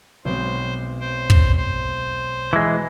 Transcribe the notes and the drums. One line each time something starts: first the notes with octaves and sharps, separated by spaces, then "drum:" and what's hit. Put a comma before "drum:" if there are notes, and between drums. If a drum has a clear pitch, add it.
B1 G#3 C4 C5
C5 D7
drum: kick
C5
E3 G#3 A#5 B5